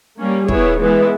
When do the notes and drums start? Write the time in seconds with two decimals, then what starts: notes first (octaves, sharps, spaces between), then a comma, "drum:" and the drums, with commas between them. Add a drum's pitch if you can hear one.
0.18 G3 A#3 C#4
0.48 B3 E4 G#4 C#5, drum: kick
0.79 E3 G#3 B3 E4